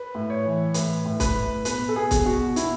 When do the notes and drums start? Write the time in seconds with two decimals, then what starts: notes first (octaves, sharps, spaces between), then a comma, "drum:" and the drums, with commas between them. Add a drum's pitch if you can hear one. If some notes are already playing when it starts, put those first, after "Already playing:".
Already playing: B4
0.15 A2
0.30 C#5
0.45 E3
0.74 A2 B4, drum: hi-hat
1.05 A2
1.20 B4, drum: kick, hi-hat
1.35 A2
1.65 B2 B4, drum: hi-hat
1.88 A4
1.96 B2 G#4
2.11 drum: kick, hi-hat
2.25 B2 F#4
2.56 B2 E4, drum: hi-hat